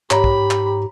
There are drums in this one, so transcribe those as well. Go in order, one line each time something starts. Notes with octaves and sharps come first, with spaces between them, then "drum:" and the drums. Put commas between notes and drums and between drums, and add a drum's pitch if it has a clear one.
G#2 G4 C#5 A#5 B5, drum: clap
drum: kick
drum: clap